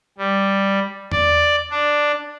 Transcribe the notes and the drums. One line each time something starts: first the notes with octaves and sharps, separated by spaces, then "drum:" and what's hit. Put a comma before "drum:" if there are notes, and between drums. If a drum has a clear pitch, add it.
G3
D5, drum: tom E2
D4